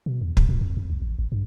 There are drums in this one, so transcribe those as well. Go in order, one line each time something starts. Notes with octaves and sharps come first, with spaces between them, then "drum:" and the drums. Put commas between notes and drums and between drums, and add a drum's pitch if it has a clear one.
B2
E2
B2, drum: kick
A#2
F2
F2
C2
A1
G#1
G2